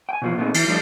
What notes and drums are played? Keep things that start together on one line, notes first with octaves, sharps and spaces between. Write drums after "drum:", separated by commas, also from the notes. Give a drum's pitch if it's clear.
G5 G#5
B2 E3 F3 B3 F4
A#2 A3 B3 C4 D#4 G#4
E3 E4, drum: cymbal
F3 G3 A3 D#4